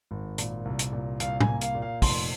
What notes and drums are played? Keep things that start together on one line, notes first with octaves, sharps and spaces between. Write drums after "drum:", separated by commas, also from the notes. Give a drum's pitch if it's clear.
G#1
A#2, drum: hi-hat
C2
drum: hi-hat
A#2
C2 F5, drum: hi-hat
G#5, drum: tom A2
A#3
F5, drum: hi-hat
A#2
F5
F1 C6, drum: kick, open hi-hat